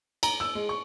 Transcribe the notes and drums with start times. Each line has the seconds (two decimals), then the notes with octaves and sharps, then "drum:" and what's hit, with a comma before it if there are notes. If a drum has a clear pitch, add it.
0.23 A#5, drum: cymbal
0.40 E6
0.55 G#3
0.69 C#6